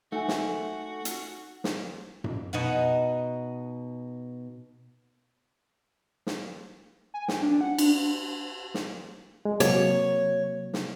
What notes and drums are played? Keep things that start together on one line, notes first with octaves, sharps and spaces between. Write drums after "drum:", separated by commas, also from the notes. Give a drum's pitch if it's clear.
A3 D#4 F#4 G#5
drum: snare
drum: hi-hat
drum: snare
drum: tom F#2
B2 D#4 F#5
drum: snare
G#5
G5, drum: snare
D4
F#5
D4, drum: cymbal
drum: snare
G#3
C3 F#3 A#3 C#5, drum: hi-hat
drum: snare